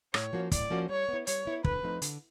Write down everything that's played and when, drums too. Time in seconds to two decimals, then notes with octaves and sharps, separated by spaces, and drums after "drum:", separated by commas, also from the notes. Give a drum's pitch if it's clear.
0.14 A2 C#5, drum: rim click
0.33 F3 A#3 C#4 F#4
0.52 A2 D5, drum: kick, hi-hat
0.70 F3 A#3 C#4 F#4
0.89 G3 C#5
1.09 B3 E4
1.27 G3 C#5, drum: hi-hat
1.45 B3 E4
1.64 D3 B4, drum: kick
1.83 F3 A3 C4 D#4
2.02 D3, drum: hi-hat